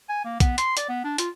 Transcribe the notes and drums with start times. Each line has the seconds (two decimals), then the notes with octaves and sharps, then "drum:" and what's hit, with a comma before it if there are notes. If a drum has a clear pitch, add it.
0.09 G#5
0.25 A#3
0.40 B3, drum: kick, hi-hat
0.58 C6, drum: hi-hat
0.77 D5, drum: hi-hat
0.89 B3
1.04 D4
1.18 F4, drum: hi-hat